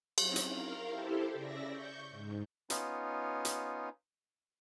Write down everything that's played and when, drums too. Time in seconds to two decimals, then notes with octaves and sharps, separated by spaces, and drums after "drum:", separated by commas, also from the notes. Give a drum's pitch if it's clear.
0.18 F#3 C4 C#4 D#4 E4, drum: cymbal
0.36 drum: hi-hat
0.48 A#4 F5
0.89 E4 G4 A4 C5
1.34 C#3 D5 E5 A#6
1.71 C#6 G6
2.11 G#2
2.70 B3 C#4 D#4 F4, drum: hi-hat
3.45 drum: hi-hat